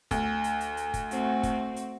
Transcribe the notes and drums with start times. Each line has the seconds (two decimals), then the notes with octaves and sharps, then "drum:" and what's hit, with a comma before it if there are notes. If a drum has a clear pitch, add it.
0.11 D2, drum: kick, hi-hat
0.44 drum: hi-hat
0.61 drum: hi-hat
0.77 drum: hi-hat
0.94 drum: kick, hi-hat
1.11 A3 C4 F#4, drum: hi-hat
1.43 drum: kick, hi-hat
1.76 drum: hi-hat